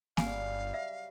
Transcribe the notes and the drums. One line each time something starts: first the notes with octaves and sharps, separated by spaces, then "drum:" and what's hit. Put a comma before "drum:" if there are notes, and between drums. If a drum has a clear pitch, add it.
G1 C#3 F#3 G3 F5 G#5, drum: snare A#3
E5